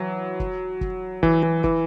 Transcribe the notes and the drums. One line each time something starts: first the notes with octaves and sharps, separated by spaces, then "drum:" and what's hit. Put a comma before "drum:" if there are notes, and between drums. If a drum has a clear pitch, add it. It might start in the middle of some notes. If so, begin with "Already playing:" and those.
Already playing: E3 F#3
drum: kick
drum: kick
E3, drum: kick
E3
E3, drum: kick